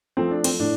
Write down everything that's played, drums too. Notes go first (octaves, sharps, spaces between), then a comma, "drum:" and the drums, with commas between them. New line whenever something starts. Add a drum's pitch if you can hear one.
F3 A3 C4
D4
C4, drum: cymbal
A2 D4